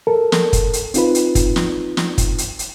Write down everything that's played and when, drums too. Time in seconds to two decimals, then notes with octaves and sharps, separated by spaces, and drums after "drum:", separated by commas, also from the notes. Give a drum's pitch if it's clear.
0.07 A4 A#4
0.32 drum: snare
0.53 drum: kick, hi-hat
0.73 drum: hi-hat
0.94 C4 D#4 F4 B4, drum: hi-hat
1.15 drum: hi-hat
1.35 drum: kick, hi-hat
1.56 drum: snare
1.97 drum: snare
2.18 drum: kick, hi-hat
2.38 drum: hi-hat
2.59 drum: hi-hat